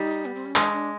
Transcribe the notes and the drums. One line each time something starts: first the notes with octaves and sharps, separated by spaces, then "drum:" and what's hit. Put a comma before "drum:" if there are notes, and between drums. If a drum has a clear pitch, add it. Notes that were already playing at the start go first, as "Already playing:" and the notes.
Already playing: G3 D#4
B3
C4
C#4
G#3 D4, drum: clap
D4